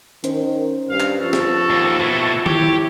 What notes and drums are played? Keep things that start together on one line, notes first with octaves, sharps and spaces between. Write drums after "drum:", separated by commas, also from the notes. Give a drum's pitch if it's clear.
D#3 C#4 C5, drum: hi-hat
G2 F5
drum: clap
F3 F#4 A4
drum: snare
D#2
B2 A3 F4 G#6
E4 G4 C5 C#5, drum: tom D#3